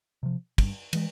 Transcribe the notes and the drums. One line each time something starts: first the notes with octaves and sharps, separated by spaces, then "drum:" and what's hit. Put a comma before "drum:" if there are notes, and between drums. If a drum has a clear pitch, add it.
C3 F3
G2, drum: kick, cymbal
E3 G#3, drum: cymbal